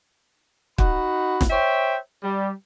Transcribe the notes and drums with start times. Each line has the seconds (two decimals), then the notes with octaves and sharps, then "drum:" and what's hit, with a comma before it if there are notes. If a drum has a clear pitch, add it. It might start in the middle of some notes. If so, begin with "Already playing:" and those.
0.78 D#4 F#4 F#5 B5, drum: kick
1.41 drum: snare
1.50 C5 C#5 E5 G5
2.23 G3